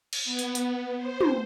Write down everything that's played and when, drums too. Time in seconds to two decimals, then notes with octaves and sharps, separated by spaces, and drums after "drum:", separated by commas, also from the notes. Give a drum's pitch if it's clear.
0.13 drum: cymbal
0.24 B3
0.39 drum: hi-hat
0.55 drum: hi-hat
0.97 C5
1.21 drum: tom